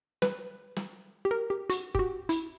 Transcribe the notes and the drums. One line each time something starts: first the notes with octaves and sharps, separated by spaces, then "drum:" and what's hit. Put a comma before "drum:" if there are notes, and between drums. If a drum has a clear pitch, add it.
B4, drum: snare
drum: snare
G4
A#4
G4
F#4, drum: hi-hat
G4, drum: kick F#1
F#4
E4, drum: hi-hat